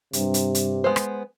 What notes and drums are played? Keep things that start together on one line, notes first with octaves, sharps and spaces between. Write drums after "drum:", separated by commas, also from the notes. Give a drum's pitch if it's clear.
G2 C3, drum: hi-hat
drum: hi-hat
drum: hi-hat
G#3 B3 C5
drum: rim click